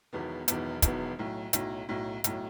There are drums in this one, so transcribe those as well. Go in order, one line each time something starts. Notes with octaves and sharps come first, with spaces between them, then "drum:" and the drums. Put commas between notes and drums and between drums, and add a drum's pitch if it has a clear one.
E1 E2 D#3 F#3 B3
E1 E2 D#3 F#3 B3, drum: hi-hat
E1 E2 D#3 F#3 B3, drum: kick, hi-hat
B1 A2 F#3
B1 A2 F#3, drum: hi-hat
B1 A2 F#3
B1 A2 F#3, drum: hi-hat